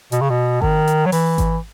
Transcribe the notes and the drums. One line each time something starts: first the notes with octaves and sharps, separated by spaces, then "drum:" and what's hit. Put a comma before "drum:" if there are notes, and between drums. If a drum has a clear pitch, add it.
B2, drum: hi-hat
C#3
B2
D#3, drum: kick G#1
drum: hi-hat
F#3
E3, drum: open hi-hat
drum: kick G#1, hi-hat